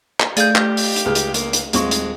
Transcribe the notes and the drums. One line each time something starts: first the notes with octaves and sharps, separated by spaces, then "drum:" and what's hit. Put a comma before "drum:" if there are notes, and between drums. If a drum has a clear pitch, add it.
drum: clap
A3 G#4 D5 F5 G6, drum: hi-hat
G4, drum: clap
drum: open hi-hat
drum: hi-hat
C#2 G#4 F6
drum: hi-hat
A#3, drum: hi-hat
drum: hi-hat
D#1 G#3 C4 C#6, drum: hi-hat
drum: hi-hat